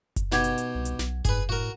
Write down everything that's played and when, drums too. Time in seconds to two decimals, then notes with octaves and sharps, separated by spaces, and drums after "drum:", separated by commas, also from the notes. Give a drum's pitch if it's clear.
0.16 drum: kick F#1, hi-hat
0.32 B2 D#4 G4 F#5 G#6, drum: snare
0.44 drum: hi-hat
0.58 drum: hi-hat
0.75 C2
0.85 drum: hi-hat
0.99 B1, drum: snare
1.25 G#2 G#4 B4, drum: kick F#1, hi-hat
1.49 A2 F#4 A#4